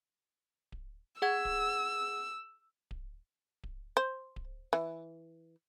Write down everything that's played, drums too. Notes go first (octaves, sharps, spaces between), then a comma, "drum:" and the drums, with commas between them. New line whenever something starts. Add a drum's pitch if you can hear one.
drum: kick D1
G#4 F#5 E6 G#6
drum: kick D1
drum: kick D1
drum: kick D1
C5
drum: kick D1
E3